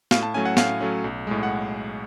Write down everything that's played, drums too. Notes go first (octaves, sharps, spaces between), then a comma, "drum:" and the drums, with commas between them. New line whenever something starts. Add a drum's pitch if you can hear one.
A2 F5, drum: snare
A5
F#3 A3 C#4 G#5
F#5
A2 F5, drum: snare
F#3 A3 C#4
B1
A2 G#3
F#5